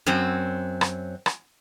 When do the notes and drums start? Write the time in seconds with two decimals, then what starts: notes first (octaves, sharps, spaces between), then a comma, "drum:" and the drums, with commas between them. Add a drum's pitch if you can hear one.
0.06 F#2 F#3 C4
0.81 drum: rim click
1.26 drum: rim click